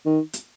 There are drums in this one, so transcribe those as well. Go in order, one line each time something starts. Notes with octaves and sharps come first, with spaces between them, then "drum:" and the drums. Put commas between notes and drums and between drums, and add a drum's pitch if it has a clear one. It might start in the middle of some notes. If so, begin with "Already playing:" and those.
D#3
drum: hi-hat